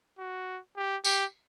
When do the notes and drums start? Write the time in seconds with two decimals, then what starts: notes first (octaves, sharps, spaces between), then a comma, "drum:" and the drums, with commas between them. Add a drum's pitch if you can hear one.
0.18 F#4
0.76 G4
1.04 G4, drum: tambourine